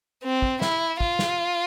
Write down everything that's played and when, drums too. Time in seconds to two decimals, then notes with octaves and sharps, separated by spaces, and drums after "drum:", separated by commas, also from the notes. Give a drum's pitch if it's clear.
0.24 C4
0.42 drum: kick
0.62 E4, drum: snare
1.00 F4, drum: kick
1.19 drum: snare